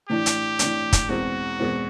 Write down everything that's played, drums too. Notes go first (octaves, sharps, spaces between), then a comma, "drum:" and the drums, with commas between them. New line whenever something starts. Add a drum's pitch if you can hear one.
A2 E3 A3 D4 G4
drum: hi-hat
A2 E3 A3 D4, drum: hi-hat
drum: kick, hi-hat
E2 B2 G#3 C4 E4 F#4
E2 B2 G#3 C4 E4